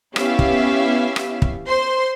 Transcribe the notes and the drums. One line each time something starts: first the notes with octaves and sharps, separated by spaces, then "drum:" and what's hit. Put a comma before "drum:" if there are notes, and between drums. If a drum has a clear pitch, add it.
B3 C#4 E4 G4 E5 F5, drum: rim click
drum: kick
drum: rim click
drum: kick
C5 C6